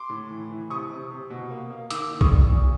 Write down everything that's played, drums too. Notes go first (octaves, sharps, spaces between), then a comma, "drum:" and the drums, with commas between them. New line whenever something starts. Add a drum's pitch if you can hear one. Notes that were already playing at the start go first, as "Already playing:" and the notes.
Already playing: C6 D6
A2
E3
E3
C3 C#6 D#6
C3
C3
B2
A#3
A#3
D#3 D6 E6, drum: hi-hat
D#3
C#6 D#6, drum: kick B1
G3
A#2